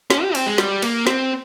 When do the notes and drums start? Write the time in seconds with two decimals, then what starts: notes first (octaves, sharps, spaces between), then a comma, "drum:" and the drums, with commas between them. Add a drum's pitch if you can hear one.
0.10 C#4, drum: snare
0.23 G4
0.35 C4, drum: cymbal
0.47 G#3
0.58 G3, drum: snare
0.82 A#3, drum: cymbal
1.07 C4, drum: snare